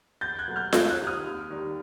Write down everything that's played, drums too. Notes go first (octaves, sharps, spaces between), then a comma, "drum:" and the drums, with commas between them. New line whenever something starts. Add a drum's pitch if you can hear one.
E2 G6 A6
F#6 G#6
B2 F#3 A3
F6 G6
E2 F#6 G#6, drum: snare F4
F#6 G#6
C3 D#3
D#6 F6
D#2
D#3 G3